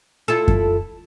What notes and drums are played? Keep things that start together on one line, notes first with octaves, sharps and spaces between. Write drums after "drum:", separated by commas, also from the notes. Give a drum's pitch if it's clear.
E4 F4 A4
drum: kick F#2